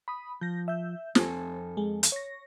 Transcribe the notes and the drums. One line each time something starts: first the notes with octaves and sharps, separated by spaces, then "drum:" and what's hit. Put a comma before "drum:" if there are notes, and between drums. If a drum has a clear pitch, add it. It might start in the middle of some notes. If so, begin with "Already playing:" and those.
B5 D#6
F3 G6 A#6
E5 G6
F2 C4 A4 G#5, drum: snare
G#3
drum: hi-hat
C#5 A#6